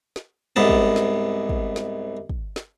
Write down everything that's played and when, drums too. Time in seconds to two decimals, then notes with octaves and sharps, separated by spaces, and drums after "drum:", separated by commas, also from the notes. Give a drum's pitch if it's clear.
0.16 drum: snare
0.56 C2 G#2 B3 A5
0.69 drum: kick
0.96 drum: snare
1.49 drum: kick
1.76 drum: snare
2.29 drum: kick
2.56 drum: snare